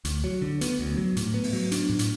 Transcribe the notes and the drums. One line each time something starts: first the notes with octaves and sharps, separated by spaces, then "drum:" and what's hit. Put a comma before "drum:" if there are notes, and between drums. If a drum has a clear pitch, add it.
D2, drum: hi-hat
F#3
D3
B3, drum: hi-hat
D2
F#3
A2, drum: hi-hat
B3
drum: open hi-hat
F#3
D4, drum: hi-hat
A2
drum: hi-hat